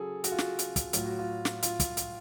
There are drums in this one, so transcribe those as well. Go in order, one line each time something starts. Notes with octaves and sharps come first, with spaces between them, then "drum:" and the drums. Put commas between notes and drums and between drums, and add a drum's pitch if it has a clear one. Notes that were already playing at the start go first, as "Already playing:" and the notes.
Already playing: C#3 F#3 G#4 A4
F#4, drum: hi-hat
F4
F#4, drum: snare
drum: hi-hat
drum: kick, hi-hat
A2 F#3 F4, drum: hi-hat
F#4
F4
drum: snare
F4, drum: hi-hat
drum: kick, hi-hat
drum: hi-hat